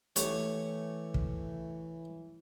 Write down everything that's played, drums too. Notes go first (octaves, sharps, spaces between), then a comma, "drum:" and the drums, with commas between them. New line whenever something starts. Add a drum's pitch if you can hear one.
E3 A3 G4 C#5, drum: hi-hat
drum: kick